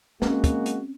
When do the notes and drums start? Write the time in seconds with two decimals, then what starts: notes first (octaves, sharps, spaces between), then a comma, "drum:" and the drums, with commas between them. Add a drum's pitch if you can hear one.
0.22 G#3 A#3 C4 C#4 F#4, drum: snare
0.44 drum: kick, hi-hat
0.66 drum: hi-hat